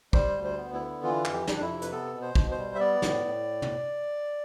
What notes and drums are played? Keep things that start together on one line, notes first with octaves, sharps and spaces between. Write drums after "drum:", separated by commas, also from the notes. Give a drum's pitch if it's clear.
G3 C5, drum: kick
D2
C5
B3
E4
D3
E3 F4
F2, drum: clap
G4
F2, drum: snare
D4
E4
C3
B4, drum: hi-hat
B3 A4
B2
C5
B2, drum: kick
C5
G3
E5
B3 D5
A2, drum: snare
A2
drum: tom